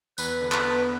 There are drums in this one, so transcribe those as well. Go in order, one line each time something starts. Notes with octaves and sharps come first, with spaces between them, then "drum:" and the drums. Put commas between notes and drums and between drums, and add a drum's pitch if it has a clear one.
E2 B4, drum: tambourine
D3
B4, drum: clap
B3